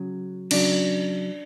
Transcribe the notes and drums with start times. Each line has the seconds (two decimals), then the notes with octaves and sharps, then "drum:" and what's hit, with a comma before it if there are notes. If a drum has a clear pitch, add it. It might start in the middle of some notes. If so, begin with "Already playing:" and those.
Already playing: C#3 F#3
0.51 C#3 F#3 D4, drum: cymbal